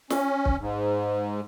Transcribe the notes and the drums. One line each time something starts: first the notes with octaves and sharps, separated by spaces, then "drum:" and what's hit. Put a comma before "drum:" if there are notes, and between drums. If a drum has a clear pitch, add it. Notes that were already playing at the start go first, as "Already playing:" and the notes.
C#4, drum: snare
drum: kick
G#2